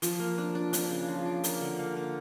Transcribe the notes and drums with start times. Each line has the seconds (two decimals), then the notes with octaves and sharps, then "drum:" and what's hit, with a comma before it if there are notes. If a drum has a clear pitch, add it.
0.02 F3, drum: hi-hat
0.20 A#3
0.38 D4
0.55 D4
0.73 D4, drum: hi-hat
0.91 C#3
1.08 F3
1.26 D4
1.44 A#3, drum: hi-hat
1.61 D3
1.79 A#3
1.97 A#3